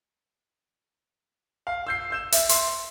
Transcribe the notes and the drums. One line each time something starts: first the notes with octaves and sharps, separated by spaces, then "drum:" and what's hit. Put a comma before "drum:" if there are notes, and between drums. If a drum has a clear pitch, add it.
F5
E6 G6 C7
E6 G6 E7
E5, drum: hi-hat
C6, drum: hi-hat